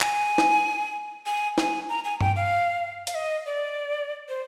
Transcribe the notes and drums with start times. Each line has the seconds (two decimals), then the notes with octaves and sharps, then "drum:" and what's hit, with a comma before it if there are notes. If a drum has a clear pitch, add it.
0.01 G#5, drum: clap
0.38 drum: snare
1.26 G#5
1.58 G#5, drum: snare
1.89 A#5
2.04 G#5
2.21 G5, drum: tom G2
2.36 F5
3.07 F5, drum: hi-hat
3.15 D#5
3.46 D5
4.29 C5